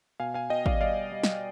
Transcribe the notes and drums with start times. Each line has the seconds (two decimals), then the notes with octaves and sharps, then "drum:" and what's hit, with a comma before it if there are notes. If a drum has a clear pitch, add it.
0.20 B2 F5 G#5
0.34 F5 G#5
0.50 B2 D#5 G5
0.66 D5 F5, drum: kick
0.81 G3 D5 F5
1.12 G3
1.24 drum: snare